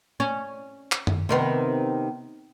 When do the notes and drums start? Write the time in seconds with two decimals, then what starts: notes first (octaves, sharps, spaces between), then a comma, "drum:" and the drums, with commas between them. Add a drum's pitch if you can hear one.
0.20 C#4
0.92 drum: clap
1.07 drum: tom F#2
1.29 C3 D#3 B3